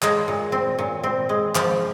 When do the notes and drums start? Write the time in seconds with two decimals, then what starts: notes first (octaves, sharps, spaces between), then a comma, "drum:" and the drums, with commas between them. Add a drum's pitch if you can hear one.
0.02 G#3, drum: clap
0.28 A#2
0.52 C4
0.79 A#2
1.04 C4
1.29 G#3
1.55 F3, drum: clap